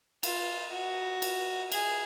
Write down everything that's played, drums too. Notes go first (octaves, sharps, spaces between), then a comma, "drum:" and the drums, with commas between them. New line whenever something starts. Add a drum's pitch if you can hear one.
F4, drum: cymbal
F#4
drum: cymbal
G#4, drum: cymbal